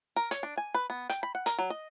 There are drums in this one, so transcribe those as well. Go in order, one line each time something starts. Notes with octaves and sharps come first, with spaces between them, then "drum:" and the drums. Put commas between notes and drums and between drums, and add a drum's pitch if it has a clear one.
A#4
C#5, drum: hi-hat
D4
G#5
B4
B3
G5, drum: hi-hat
B5
F#5
A#4, drum: hi-hat
F#3
D#5